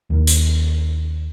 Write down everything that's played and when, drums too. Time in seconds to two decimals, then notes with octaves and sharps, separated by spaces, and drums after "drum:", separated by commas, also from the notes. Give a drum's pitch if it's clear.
0.10 D#2 D#3
0.27 drum: hi-hat